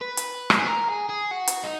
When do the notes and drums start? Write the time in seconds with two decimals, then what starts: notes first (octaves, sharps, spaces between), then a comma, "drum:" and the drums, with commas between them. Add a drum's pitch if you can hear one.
0.01 B4
0.17 drum: hi-hat
0.50 drum: rim click
0.59 G#4
0.66 A#4
0.88 G#4
1.09 G#4
1.31 F#4
1.47 drum: hi-hat
1.64 D#4